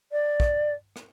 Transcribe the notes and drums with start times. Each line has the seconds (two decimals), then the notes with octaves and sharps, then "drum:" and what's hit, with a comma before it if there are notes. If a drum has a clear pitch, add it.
0.12 D5
0.40 drum: kick
0.96 drum: rim click